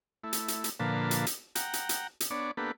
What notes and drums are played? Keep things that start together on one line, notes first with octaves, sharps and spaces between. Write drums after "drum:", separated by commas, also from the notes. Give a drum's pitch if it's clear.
A3 E4
drum: hi-hat
drum: hi-hat
drum: hi-hat
A#2 D3 F3 A#3 B4 A5
drum: hi-hat
drum: hi-hat
F#5 G5 A#5, drum: hi-hat
drum: hi-hat
drum: hi-hat
drum: hi-hat
B3 D4 C#5 D5
A#3 B3 D4 G4 A4 B4